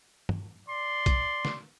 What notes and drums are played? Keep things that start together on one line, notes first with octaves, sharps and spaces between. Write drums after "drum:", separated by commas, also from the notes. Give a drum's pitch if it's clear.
drum: tom
D5 C6
drum: kick A#1, hi-hat
drum: snare